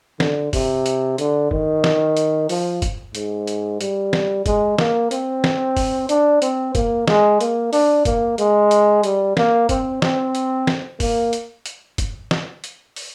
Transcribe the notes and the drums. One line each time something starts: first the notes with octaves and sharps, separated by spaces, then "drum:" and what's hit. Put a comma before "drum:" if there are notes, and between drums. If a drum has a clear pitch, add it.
D3, drum: snare
C3, drum: kick, open hi-hat
drum: hi-hat
D3, drum: hi-hat
D#3, drum: kick
drum: snare
drum: hi-hat
F3, drum: open hi-hat
drum: kick, hi-hat
G#2, drum: hi-hat
drum: hi-hat
G3, drum: hi-hat
drum: snare
G#3, drum: kick, hi-hat
A#3, drum: snare
C4, drum: hi-hat
drum: snare
drum: kick, open hi-hat
D4, drum: hi-hat
C4, drum: hi-hat
A#3, drum: kick, hi-hat
G#3, drum: snare
A#3, drum: hi-hat
D4, drum: open hi-hat
A#3, drum: kick, hi-hat
G#3, drum: hi-hat
drum: hi-hat
G3, drum: hi-hat
A#3, drum: snare
C4, drum: kick, hi-hat
C4, drum: snare
drum: hi-hat
drum: snare
A#3, drum: kick, open hi-hat
drum: hi-hat
drum: hi-hat
drum: kick, hi-hat
drum: snare
drum: hi-hat
drum: open hi-hat